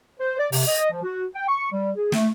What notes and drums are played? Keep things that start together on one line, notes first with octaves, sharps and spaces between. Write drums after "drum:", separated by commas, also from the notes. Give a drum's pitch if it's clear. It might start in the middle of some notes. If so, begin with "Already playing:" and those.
C5
D5
C3, drum: open hi-hat
D#5
F3
F#4
G5
C#6
G3
G#4
A3, drum: snare